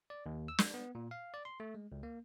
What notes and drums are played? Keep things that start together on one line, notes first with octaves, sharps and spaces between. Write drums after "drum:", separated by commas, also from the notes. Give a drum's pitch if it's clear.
D5
D#2
E6
drum: snare
B3
A#2
F5
D5
C6
A3
G#3
C#2
A#3